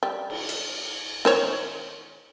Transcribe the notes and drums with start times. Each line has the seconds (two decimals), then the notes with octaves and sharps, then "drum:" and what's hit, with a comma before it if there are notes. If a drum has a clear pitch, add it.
0.03 G3
0.30 drum: cymbal
0.49 drum: hi-hat
1.25 D#3 C5 C#5, drum: snare